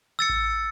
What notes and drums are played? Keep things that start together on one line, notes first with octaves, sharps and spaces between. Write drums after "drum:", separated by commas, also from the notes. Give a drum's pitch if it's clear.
E6 A6 C#7
drum: kick A1